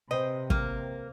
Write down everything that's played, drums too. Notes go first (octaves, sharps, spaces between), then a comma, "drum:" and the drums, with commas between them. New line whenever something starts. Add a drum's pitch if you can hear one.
C3 B4 C5 D#5 G5
A#3, drum: kick